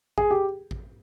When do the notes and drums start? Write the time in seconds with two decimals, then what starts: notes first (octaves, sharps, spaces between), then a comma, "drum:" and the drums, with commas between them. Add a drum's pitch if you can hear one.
0.18 G#4, drum: kick A1
0.31 G4
0.71 drum: kick A1